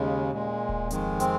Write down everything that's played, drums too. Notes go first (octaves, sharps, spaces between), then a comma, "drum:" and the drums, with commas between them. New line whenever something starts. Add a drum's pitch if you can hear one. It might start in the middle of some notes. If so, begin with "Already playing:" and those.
Already playing: D#2 C#3 G#3
A#2 G#3
drum: kick D1
F2 D#3 G#3, drum: hi-hat
C4, drum: hi-hat